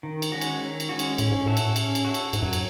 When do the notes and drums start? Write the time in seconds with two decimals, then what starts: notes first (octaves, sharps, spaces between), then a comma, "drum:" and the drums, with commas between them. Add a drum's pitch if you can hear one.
0.03 D#3
0.22 drum: cymbal
0.32 G#3 C#4 F#4
0.41 drum: cymbal
0.61 D#3
0.80 drum: cymbal
0.89 G#3 C#4 F#4
0.99 drum: cymbal
1.18 A2 C#4, drum: cymbal
1.32 G#2
1.46 A2 F#4 A4 E5
1.57 drum: cymbal
1.76 C#4, drum: cymbal
1.95 drum: cymbal
2.05 F#4 A4 E5
2.14 drum: cymbal
2.33 G#2 F#3, drum: cymbal
2.42 F#2
2.53 drum: cymbal